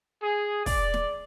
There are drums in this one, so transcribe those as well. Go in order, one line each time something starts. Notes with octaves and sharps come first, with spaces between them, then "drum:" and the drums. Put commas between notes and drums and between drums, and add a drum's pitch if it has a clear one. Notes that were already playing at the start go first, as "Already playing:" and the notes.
G#4
D5, drum: kick, open hi-hat
drum: snare